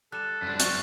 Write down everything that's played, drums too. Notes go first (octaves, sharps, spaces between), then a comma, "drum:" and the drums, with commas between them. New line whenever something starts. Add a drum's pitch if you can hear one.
G3 A4 F#6 E7
F#2 D4
F4 F#4, drum: hi-hat